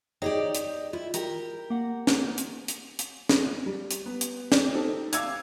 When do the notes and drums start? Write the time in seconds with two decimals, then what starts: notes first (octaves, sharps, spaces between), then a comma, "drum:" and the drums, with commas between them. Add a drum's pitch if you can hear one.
0.22 D#4 G4 G#4 C#5 D5 G5
0.55 drum: hi-hat
0.93 E4 F4
1.14 G4 A#4, drum: hi-hat
1.70 A#3 F#5
2.07 drum: snare
2.38 drum: hi-hat
2.68 drum: hi-hat
2.99 drum: hi-hat
3.29 drum: snare
3.66 G3
3.91 drum: hi-hat
4.06 B3
4.21 drum: hi-hat
4.52 drum: snare
4.74 C4 D#4 G4 A4
5.13 F5 D6 E6 G#6, drum: hi-hat